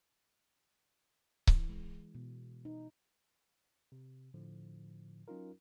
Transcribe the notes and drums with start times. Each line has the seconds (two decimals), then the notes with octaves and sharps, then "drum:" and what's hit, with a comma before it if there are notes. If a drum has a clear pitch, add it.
1.47 E3, drum: kick C#1
1.69 G#3
2.15 B2
2.65 D#4
3.92 C3
4.34 A2 D3 F3
5.28 F#3 C#4 D#4 F4 A#4